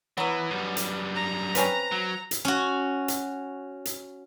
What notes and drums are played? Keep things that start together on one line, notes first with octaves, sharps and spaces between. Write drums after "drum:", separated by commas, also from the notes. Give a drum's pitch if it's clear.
E3 F#3 B3
F#2 G3
drum: hi-hat
A#5
C4 C#4 B4, drum: hi-hat
F#3
drum: hi-hat
C#4 F#4
drum: hi-hat
drum: hi-hat